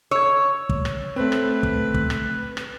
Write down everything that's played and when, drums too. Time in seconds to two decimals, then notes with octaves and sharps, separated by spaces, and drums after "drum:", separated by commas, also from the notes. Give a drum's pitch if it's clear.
0.11 C#5 E6 G#6
0.69 drum: kick
0.85 drum: rim click
1.16 A3 C4 B4
1.32 drum: rim click
1.63 drum: kick
1.94 drum: kick
2.10 drum: rim click
2.57 drum: rim click